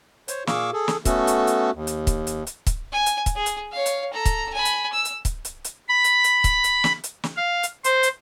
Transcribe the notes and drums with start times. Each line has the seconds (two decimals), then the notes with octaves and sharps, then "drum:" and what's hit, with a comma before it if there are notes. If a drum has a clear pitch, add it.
0.28 C5 C#5, drum: hi-hat
0.47 A#2 G#4 F5 C#6 D6 E6, drum: snare
0.73 G#4 A4
0.88 drum: snare
1.05 A3 B3 C#4 F#4 A4, drum: kick, hi-hat
1.27 drum: hi-hat
1.47 drum: hi-hat
1.75 D#2
1.87 drum: hi-hat
2.07 drum: kick, hi-hat
2.27 drum: hi-hat
2.47 drum: hi-hat
2.67 drum: kick, hi-hat
2.92 G#5
3.06 drum: hi-hat
3.26 drum: kick, hi-hat
3.36 G#4
3.46 drum: hi-hat
3.72 C#5 F5
3.86 drum: hi-hat
4.13 A4 A#5
4.26 drum: kick, hi-hat
4.53 G#5 B5
4.65 drum: hi-hat
4.92 E6
5.05 drum: hi-hat
5.25 drum: kick, hi-hat
5.45 drum: hi-hat
5.65 drum: hi-hat
5.89 B5
6.04 drum: hi-hat
6.24 drum: hi-hat
6.44 drum: kick, hi-hat
6.64 drum: hi-hat
6.84 drum: snare
7.04 drum: hi-hat
7.24 drum: snare
7.36 F5
7.63 drum: hi-hat
7.84 C5, drum: hi-hat
8.03 drum: hi-hat